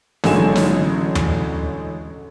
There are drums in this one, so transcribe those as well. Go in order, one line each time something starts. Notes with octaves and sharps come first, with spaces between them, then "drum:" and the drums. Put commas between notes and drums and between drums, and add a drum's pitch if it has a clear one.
A1 D3 F#3 G#3 G#5 E7, drum: snare
drum: snare
drum: tom D#2